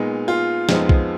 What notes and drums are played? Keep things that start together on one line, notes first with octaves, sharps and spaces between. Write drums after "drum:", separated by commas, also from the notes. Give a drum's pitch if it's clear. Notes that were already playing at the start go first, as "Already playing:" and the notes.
Already playing: A#2 G#3 B3 D#4
F4
F2 F3 G#3 B3 D#4, drum: snare
drum: kick B1